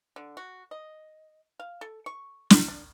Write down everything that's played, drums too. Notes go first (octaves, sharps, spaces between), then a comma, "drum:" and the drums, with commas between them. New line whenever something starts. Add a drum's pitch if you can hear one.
D3
F#4
D#5
F5
A4
C#6
drum: snare
D4